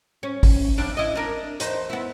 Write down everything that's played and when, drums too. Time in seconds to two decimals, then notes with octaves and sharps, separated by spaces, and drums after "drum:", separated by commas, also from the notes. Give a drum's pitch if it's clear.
0.23 C#4
0.43 drum: kick G#1, open hi-hat
0.78 F2 D4
0.97 E4 D#5
1.15 D4 A#4
1.60 E2 D#4 C5, drum: hi-hat
1.90 B3 E4